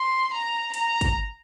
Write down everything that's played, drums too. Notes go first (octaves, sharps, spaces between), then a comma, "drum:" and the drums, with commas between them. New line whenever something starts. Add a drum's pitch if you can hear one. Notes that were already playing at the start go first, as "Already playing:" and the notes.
Already playing: C6
A#5
A#5, drum: hi-hat
drum: kick, hi-hat